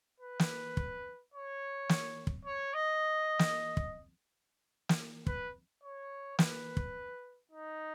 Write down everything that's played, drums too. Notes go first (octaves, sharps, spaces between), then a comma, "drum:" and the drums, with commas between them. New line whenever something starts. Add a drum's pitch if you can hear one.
B4
drum: snare
drum: kick
C#5
drum: snare
drum: kick
C#5
D#5
drum: snare
drum: kick
drum: snare
B4, drum: kick
C#5
B4, drum: snare
drum: kick
D#4